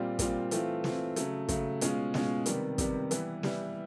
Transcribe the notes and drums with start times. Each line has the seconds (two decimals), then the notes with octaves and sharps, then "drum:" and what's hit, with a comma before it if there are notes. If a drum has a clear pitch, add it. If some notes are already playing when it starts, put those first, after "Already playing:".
Already playing: A#2 G3 C4 F4
0.19 A#2 G3 C4 F4, drum: kick, hi-hat
0.51 E3 A3 C4 F4, drum: hi-hat
0.84 E3 A3 C4 F4, drum: snare
1.16 C#3 F#3 A3, drum: hi-hat
1.49 C#3 F#3 A3, drum: kick, hi-hat
1.81 B2 G#3 C#4 F4, drum: hi-hat
2.14 B2 G#3 C#4 F4, drum: snare
2.46 C3 D#3 G3 B3, drum: hi-hat
2.78 C3 D#3 G3 B3, drum: kick, hi-hat
3.11 E3 G3 B3 E4, drum: hi-hat
3.43 E3 G3 B3 E4, drum: snare